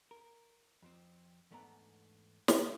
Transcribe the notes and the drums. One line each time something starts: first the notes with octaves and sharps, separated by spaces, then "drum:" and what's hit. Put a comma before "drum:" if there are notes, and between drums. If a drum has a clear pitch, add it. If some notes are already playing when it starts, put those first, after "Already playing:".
A#4
F2 F3 C4
E2 G#2 A3 B3 D4 A#5
drum: snare